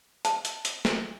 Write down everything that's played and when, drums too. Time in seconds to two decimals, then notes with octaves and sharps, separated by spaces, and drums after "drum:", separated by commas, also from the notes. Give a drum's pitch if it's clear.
0.25 A5, drum: hi-hat
0.45 drum: hi-hat
0.65 drum: hi-hat
0.85 drum: snare